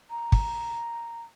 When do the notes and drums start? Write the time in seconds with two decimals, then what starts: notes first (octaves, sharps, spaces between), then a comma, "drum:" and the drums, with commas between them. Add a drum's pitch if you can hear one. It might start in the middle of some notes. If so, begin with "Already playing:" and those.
0.10 A#5
0.32 drum: kick